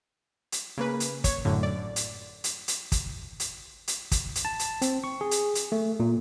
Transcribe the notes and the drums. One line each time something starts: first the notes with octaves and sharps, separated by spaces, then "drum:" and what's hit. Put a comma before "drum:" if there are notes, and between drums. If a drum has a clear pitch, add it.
drum: hi-hat
C#3 A#3 B4
drum: hi-hat
C#5, drum: kick, hi-hat
F#2 A2 D3
D5
drum: hi-hat
drum: hi-hat
drum: hi-hat
drum: kick, hi-hat
drum: hi-hat
drum: hi-hat
drum: kick, hi-hat
drum: hi-hat
A5
drum: hi-hat
C4, drum: hi-hat
C#6
G#4
drum: hi-hat
drum: hi-hat
A3
A#2